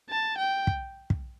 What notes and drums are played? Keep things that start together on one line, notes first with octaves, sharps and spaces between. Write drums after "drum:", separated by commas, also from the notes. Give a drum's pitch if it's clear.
A5
G5
drum: kick
drum: kick